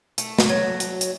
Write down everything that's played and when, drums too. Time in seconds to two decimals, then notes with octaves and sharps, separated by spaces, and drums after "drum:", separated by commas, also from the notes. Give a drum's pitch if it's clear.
0.18 A3, drum: hi-hat
0.39 drum: snare
0.49 F#3
0.80 drum: hi-hat
1.01 drum: hi-hat